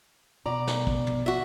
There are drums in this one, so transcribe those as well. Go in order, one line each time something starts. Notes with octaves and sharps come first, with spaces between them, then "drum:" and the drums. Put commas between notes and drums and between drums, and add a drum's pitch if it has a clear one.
B2 D5 A#5
drum: snare
drum: kick
drum: tom
F#4 E5